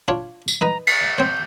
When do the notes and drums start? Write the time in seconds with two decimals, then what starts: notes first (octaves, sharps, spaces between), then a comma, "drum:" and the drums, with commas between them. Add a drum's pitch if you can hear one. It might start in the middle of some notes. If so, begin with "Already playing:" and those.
0.08 D4 F4 C#5
0.48 drum: tambourine
0.61 D#4 B4 D#5 A#5
0.87 A6, drum: cymbal
1.18 C4 C#5 G6